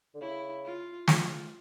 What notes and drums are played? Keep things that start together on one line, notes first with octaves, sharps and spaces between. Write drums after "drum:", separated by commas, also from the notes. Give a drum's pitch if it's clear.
D3
C#3 E4
F4
F4, drum: snare